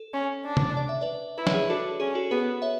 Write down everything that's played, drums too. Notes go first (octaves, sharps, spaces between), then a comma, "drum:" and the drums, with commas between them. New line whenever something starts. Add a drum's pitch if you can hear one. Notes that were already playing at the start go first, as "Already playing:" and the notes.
Already playing: A4
C#4
D4
drum: tom C3
D5
E5
B4 D5
E4 B4
C#5, drum: snare
G#4 B4
D4 F#4 A4
C#4 G#4
F#4 A4
B3 G#4 B4
C#5 E5